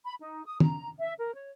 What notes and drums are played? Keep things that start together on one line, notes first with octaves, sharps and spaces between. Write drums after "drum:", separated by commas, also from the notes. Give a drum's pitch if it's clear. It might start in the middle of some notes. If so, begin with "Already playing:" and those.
B5
D#4
D#6
A#5, drum: tom
E5
A#4
C#5